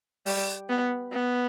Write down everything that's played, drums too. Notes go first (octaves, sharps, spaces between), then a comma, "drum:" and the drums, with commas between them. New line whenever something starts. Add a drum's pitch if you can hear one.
G3, drum: open hi-hat
B3
B3